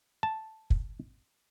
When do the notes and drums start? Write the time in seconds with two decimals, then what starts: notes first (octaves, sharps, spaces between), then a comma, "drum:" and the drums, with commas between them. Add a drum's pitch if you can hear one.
0.23 A5
0.70 drum: kick